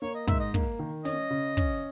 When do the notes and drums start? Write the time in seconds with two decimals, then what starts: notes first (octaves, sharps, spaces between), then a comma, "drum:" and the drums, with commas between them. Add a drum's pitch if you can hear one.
0.02 A#3 C#5
0.15 D#5
0.28 G#2 E5, drum: kick
0.40 D#5
0.54 A#3, drum: kick
0.79 D#3
1.05 C#4 D#5, drum: snare
1.30 C#3
1.57 C#4, drum: kick